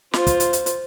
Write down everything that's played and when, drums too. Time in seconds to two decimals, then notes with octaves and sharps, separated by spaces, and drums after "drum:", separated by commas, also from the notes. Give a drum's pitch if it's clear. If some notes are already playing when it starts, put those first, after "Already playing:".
0.13 F4 C5, drum: snare
0.27 drum: kick, hi-hat
0.40 drum: hi-hat
0.53 drum: hi-hat
0.66 drum: hi-hat